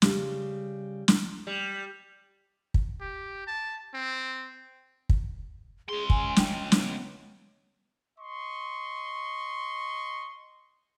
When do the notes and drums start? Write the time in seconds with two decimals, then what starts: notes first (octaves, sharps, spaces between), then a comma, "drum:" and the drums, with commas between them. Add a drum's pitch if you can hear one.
0.02 C#3 G3, drum: snare
1.08 drum: snare
1.47 G3
2.74 drum: kick
3.01 G4
3.47 A5
3.94 C4
5.09 drum: kick
5.89 C#2 G#4 C6
6.10 G#5, drum: kick
6.36 G5, drum: snare
6.72 B3, drum: snare
8.19 D#5 C6 C#6